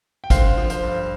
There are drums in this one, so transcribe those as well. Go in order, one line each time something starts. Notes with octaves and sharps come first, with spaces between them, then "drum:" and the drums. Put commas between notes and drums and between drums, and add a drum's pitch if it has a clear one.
G5
D3 C5 F5, drum: kick, hi-hat
F3
C5 F5, drum: hi-hat
G2